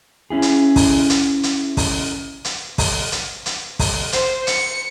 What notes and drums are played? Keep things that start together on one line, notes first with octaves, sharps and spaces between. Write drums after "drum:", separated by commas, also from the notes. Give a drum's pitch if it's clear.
C#4 E4 G#4
drum: hi-hat
drum: kick, open hi-hat
drum: hi-hat
drum: hi-hat
drum: kick, open hi-hat
drum: hi-hat
drum: kick, open hi-hat
drum: hi-hat
drum: hi-hat
drum: kick, open hi-hat
C5, drum: hi-hat
C#7, drum: hi-hat